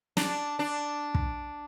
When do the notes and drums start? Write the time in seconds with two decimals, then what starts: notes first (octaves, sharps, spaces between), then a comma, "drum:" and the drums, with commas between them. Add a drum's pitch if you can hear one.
0.17 D4, drum: snare
0.59 D4
1.15 drum: kick